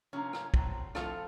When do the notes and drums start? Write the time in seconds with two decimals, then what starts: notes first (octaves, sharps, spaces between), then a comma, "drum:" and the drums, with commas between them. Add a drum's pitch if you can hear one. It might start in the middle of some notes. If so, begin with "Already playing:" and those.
0.13 C3 F3 A#3 C#4
0.33 drum: rim click
0.54 A2 F#3 C4, drum: kick
0.95 A2 F3 A3 C4 F4 A4, drum: rim click